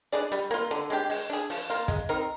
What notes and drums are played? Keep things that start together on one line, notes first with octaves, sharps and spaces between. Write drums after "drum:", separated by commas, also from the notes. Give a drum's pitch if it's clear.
D4 G#4 D5
G3, drum: hi-hat
A#3 F4
D3
G#3 D4 G4
G#3, drum: open hi-hat
D4 G#4
F3, drum: open hi-hat
A#3 F4
G#3, drum: kick, hi-hat
C4 D#4 A#4